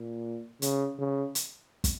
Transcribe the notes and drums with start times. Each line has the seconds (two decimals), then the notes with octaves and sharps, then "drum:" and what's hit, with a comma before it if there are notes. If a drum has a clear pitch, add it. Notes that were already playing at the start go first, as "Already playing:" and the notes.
Already playing: A#2
0.62 C#3, drum: hi-hat
0.99 C#3
1.35 drum: hi-hat
1.84 drum: kick, hi-hat